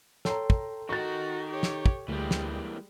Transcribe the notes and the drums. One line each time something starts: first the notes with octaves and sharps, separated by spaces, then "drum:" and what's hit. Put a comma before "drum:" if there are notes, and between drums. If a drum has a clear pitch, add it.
A4 C#5 G5 A#5 C6, drum: snare
drum: kick
D#3 D#4 F#4 C#6 A6
G4 C#5
drum: snare
drum: kick
D2 E3 G3 G#3 A#3 G4
drum: snare